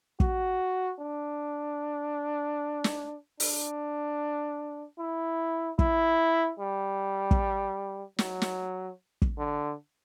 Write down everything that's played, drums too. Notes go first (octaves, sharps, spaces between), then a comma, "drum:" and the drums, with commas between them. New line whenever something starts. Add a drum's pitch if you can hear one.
F#4, drum: kick
D4
drum: snare
D4, drum: open hi-hat
E4
E4, drum: kick
G3
drum: kick
F#3, drum: snare
drum: snare
drum: kick
D3